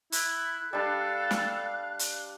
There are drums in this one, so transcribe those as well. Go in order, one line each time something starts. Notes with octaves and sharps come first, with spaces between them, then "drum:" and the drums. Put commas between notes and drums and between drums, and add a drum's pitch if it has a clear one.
E4 F#6, drum: hi-hat
G3 D4 A4 F5
drum: snare
drum: hi-hat